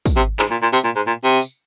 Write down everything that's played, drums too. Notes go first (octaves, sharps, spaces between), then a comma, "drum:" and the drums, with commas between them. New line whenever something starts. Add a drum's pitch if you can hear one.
drum: kick, tambourine
C3
G#2, drum: clap
A#2
A#2
C3, drum: tambourine
A#2
G#2
A#2
C3
drum: tambourine